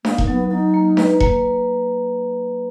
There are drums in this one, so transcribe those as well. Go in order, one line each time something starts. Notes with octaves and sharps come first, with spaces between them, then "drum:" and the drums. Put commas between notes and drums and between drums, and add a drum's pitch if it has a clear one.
A#3 D#4, drum: snare D4
drum: kick E1
F#3 B3
F#3 D#4
A#3
B4, drum: snare D4
A#3, drum: kick E1